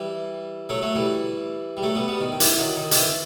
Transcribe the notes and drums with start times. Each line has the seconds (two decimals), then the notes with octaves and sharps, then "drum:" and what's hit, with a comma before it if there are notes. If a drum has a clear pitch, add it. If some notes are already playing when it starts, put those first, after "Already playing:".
Already playing: E3 G3
0.69 F#3 A3
0.82 F#3 A3
0.95 E3 G3
1.77 G3
1.83 F#3 A3
1.95 G3 B3
2.08 G3 B3
2.20 D#3
2.32 D#3
2.40 E3, drum: hi-hat
2.58 D#3 F#3
2.77 D#3
2.91 D#3, drum: hi-hat
2.96 E3